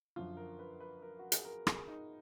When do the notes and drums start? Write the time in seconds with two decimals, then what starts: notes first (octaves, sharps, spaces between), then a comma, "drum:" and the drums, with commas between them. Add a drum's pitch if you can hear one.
0.16 F#2 D3 F3 F4
0.37 A#4
0.59 B4
0.80 B4
1.02 A#4
1.19 F#4
1.32 G#4, drum: hi-hat
1.45 A#4
1.67 G#4, drum: rim click
1.88 D#4